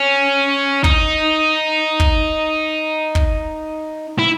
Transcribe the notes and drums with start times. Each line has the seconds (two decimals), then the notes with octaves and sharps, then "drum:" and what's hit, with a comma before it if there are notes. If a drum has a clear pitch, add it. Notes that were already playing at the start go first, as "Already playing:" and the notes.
Already playing: C#4
0.84 D#4, drum: kick
2.00 drum: kick
3.15 drum: kick
4.19 E4